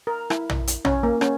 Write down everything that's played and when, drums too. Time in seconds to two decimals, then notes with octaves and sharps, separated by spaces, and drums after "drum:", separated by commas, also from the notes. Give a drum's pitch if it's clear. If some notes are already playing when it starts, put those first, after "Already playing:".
0.07 A#4
0.30 E4, drum: rim click
0.50 drum: tom A#1
0.67 drum: hi-hat
0.85 C#4, drum: tom A#1
1.03 A#3
1.21 C#4, drum: rim click